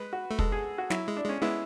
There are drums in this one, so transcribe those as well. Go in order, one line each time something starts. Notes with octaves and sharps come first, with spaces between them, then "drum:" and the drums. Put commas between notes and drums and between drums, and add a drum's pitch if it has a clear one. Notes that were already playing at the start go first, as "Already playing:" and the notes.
Already playing: G#3 B4
F#4
A3
G#3 A4, drum: kick
G#4
F#4
F#3 E4, drum: snare
G#3
D4
G#3 C#4
G#3 B3 E4